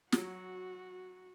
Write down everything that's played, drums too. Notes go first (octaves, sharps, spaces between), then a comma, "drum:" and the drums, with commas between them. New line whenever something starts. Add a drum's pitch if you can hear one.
F#3 F#4, drum: snare